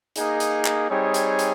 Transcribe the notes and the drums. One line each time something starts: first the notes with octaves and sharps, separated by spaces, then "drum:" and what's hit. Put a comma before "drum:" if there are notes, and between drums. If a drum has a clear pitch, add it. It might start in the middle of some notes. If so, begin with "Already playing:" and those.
A#3 D#4 G#4, drum: hi-hat
drum: hi-hat
drum: clap
G3 C4 D#4 G#4 C#5
drum: hi-hat
drum: hi-hat